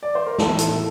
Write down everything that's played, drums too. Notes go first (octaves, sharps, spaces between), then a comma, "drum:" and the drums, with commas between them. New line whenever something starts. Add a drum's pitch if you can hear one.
D5
C5
A#4
A1 A4, drum: snare
A2 A4, drum: hi-hat